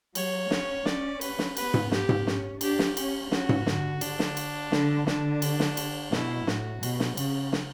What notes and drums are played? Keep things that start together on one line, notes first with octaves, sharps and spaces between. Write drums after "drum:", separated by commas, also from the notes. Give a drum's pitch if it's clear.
F#3 C#5, drum: cymbal
C#4, drum: snare
C#4 D5, drum: snare
B4, drum: cymbal
drum: snare
B3 B4, drum: cymbal
drum: tom G#2
G4, drum: snare
drum: tom G#2
C#4, drum: snare
D4 G4, drum: cymbal
drum: snare
C#4, drum: cymbal
C#4 F#4, drum: snare
drum: tom G#2
D3, drum: snare
D3 D4, drum: cymbal
drum: snare
drum: cymbal
D3, drum: snare
D3 D4, drum: snare
drum: cymbal
drum: snare
drum: cymbal
B2 E4, drum: snare
A2 F#4, drum: snare
B2, drum: cymbal
drum: snare
C#3, drum: cymbal
drum: snare